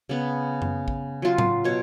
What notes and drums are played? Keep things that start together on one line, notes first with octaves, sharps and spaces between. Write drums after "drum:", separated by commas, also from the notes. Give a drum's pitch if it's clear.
C#3 B3
drum: tom F#2
drum: kick A1
F#3 F4
drum: tom A2
B2 C#5